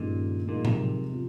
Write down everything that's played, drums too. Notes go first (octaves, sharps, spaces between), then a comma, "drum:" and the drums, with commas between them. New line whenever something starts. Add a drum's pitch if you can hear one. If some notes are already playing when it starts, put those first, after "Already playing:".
Already playing: G2 A#2 D#3 G#3 C#4
A#2 F3 G#3 D#4 A#4
C3, drum: tom A2
F3 C4 F4